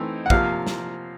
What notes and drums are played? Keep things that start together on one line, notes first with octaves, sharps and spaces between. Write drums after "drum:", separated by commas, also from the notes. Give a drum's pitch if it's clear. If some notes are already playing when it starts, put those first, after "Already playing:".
Already playing: E3 A3 C4 D#4
F#5
C3 F3 A#3 F5, drum: kick
drum: snare